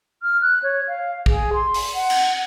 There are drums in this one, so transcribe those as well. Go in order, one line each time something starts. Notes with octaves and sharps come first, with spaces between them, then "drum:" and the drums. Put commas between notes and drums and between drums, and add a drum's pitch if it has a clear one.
F6
F#6
C#5
F5
G#4, drum: kick A#1
C6
drum: open hi-hat
F#5
drum: cymbal